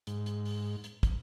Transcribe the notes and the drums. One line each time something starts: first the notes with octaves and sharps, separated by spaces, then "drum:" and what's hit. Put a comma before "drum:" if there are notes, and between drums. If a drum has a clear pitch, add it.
G#2, drum: hi-hat
drum: hi-hat
drum: open hi-hat
drum: hi-hat
drum: kick, hi-hat